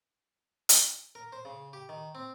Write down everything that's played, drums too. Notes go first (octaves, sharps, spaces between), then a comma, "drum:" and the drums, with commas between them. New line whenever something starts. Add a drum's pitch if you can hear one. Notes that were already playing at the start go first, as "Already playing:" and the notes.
drum: hi-hat
A#4
C5
C#3
G4
D#3
C4